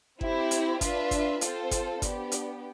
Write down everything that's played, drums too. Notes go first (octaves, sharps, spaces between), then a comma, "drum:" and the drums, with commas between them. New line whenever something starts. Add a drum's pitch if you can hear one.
C4 E4 G4 C5, drum: kick G1
drum: hi-hat
D4 F4 B4 E5, drum: kick G1, hi-hat
drum: kick G1, hi-hat
C4 F4 A4 C5, drum: hi-hat
drum: kick G1, hi-hat
B3 D4 G4, drum: kick G1, hi-hat
drum: hi-hat